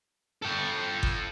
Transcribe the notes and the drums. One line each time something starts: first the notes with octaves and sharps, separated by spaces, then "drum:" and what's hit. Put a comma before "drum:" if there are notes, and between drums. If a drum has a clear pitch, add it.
A4 G5
drum: kick G1